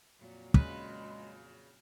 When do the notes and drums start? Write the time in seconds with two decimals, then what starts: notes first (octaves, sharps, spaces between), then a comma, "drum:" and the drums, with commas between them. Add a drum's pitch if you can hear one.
0.18 F2 A#2 F#3
0.54 C#3 G#3 B4, drum: kick